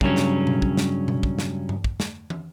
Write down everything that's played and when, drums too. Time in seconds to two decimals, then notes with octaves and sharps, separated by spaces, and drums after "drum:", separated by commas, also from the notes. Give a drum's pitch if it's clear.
0.01 G2 C#3 F#3 C#4, drum: kick
0.16 drum: snare
0.47 drum: tom B2
0.62 drum: kick
0.77 drum: snare
1.08 drum: tom B2
1.23 drum: kick
1.39 drum: snare
1.69 drum: tom G2
1.84 drum: kick
2.00 drum: snare
2.30 drum: tom